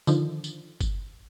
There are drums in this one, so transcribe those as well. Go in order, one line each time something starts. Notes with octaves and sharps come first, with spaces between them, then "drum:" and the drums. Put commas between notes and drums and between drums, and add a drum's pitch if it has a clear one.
D3 D#3 F3, drum: tambourine
drum: tambourine
drum: kick G1, tambourine